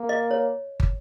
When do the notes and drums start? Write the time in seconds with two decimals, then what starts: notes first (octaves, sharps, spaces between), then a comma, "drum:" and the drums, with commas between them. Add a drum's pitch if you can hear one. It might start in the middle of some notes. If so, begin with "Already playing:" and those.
Already playing: A#3
0.09 D#5
0.31 C#5
0.80 drum: kick